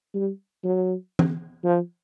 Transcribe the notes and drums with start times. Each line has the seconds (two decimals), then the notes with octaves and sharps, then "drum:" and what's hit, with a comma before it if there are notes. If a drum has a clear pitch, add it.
0.15 G3
0.64 F#3
1.19 drum: tom E3
1.64 F3